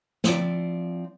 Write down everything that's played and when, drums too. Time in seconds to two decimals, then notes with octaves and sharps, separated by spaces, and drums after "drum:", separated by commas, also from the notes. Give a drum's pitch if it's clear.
0.24 F3 C4 E4 D5, drum: snare